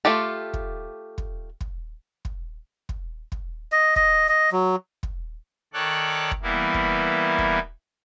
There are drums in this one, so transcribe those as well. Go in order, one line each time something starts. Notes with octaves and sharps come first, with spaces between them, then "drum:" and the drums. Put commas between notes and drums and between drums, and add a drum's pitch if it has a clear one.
A3 F4 G4 A4
drum: kick
drum: kick
drum: kick
drum: kick
drum: kick
drum: kick
D#5
D#5, drum: kick
D#5
F#3
drum: kick
D#3 A4 C#5 D5 F#6
drum: kick
E3 G3 A#3 B3 E4
drum: kick
drum: kick